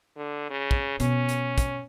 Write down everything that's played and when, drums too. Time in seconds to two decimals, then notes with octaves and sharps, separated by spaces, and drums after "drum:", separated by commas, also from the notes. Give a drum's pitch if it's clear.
0.16 D3
0.50 C#3
0.71 drum: kick
1.00 B2 C#4, drum: hi-hat
1.29 drum: hi-hat
1.58 drum: kick, hi-hat